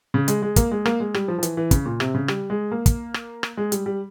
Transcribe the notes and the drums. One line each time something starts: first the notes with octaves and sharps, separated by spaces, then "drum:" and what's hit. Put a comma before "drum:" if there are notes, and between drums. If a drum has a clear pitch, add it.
C#3
G#3, drum: hi-hat
G#3
A#3, drum: kick, hi-hat
G#3
A#3, drum: rim click
G#3
G3, drum: rim click
F3
F3
E3, drum: hi-hat
E3
C#3, drum: kick, hi-hat
A#2
C3, drum: rim click
C#3
G3, drum: rim click
G#3
A#3
drum: kick, hi-hat
drum: rim click
drum: rim click
G#3
G3, drum: hi-hat
G3